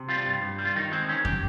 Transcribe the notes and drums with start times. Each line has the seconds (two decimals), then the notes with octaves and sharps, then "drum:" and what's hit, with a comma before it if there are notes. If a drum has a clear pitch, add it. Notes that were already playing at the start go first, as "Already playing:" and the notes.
Already playing: C3
0.08 G3 F4
0.26 G2
0.42 G2
0.58 G3
0.65 F4
0.76 D#3 D#4
0.92 G#3 C4
1.09 D#3 C#4
1.25 G4, drum: kick F2